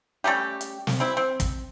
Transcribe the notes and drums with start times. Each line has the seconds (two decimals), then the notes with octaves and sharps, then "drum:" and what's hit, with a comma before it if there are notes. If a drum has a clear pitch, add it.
0.24 G3 A3 C#4 G4
0.61 drum: hi-hat
0.87 drum: snare
1.00 C4 E4
1.17 C4
1.40 drum: kick, hi-hat